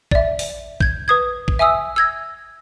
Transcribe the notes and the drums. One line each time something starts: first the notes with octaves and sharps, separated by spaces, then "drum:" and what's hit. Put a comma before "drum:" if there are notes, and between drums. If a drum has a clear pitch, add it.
D5 E5, drum: kick
drum: open hi-hat
G6 G#6, drum: kick
B4 D#6 G#6
drum: kick
E5 G#5 D#6 E6
E6 G#6 A#6